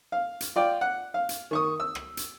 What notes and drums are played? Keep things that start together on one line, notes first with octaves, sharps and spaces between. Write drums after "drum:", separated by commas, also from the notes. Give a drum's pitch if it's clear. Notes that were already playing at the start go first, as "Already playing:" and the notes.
F5
drum: hi-hat
F4 D5 G5
F#5
F5
drum: hi-hat
D#3 C#6 D#6
E6
drum: rim click
drum: hi-hat